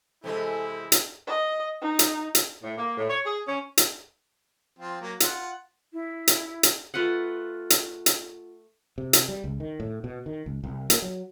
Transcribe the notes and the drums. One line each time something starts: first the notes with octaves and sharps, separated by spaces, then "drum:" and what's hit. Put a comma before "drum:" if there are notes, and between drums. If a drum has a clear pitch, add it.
C3 E3 G#3 E4 A4
drum: hi-hat
D#5
D#4
drum: hi-hat
drum: hi-hat
A2
A#3
A2
C#5
G#4
C#4
drum: hi-hat
F3 C4 F4
F#3 A#3
F4 F#5, drum: hi-hat
E4
drum: hi-hat
drum: hi-hat
A3 F4 B4 F#5
drum: hi-hat
drum: hi-hat
C3
drum: hi-hat
G3
C#2
D#3
A2
B2
D#3
C#2
C2
A#3, drum: hi-hat
F#3